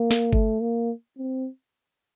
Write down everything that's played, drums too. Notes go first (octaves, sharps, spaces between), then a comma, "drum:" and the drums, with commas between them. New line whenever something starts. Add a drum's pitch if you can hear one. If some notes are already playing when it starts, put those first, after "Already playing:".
Already playing: A#3
drum: snare
A3, drum: kick G1
A#3
C4